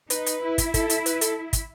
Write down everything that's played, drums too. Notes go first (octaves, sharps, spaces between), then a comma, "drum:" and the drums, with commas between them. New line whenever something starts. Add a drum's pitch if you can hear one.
D#4 B4, drum: hi-hat
drum: hi-hat
E4
drum: kick, hi-hat
A4, drum: kick, hi-hat
drum: hi-hat
B4, drum: hi-hat
A4, drum: hi-hat
drum: kick, hi-hat